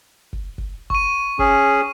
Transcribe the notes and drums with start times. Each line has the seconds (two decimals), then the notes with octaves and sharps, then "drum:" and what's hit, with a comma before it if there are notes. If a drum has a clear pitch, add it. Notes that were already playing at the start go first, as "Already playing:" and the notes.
0.33 drum: kick
0.58 drum: kick
0.90 C#6 D#7, drum: kick
1.39 C#4 G#4, drum: kick